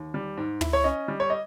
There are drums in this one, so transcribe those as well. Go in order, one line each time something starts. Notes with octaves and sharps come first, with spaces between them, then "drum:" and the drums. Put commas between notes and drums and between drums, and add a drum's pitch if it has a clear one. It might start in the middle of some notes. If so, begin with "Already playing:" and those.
Already playing: D#2
G3
G#2
E4, drum: tom
C#5
C#4 D#5
G3
C#5
D#5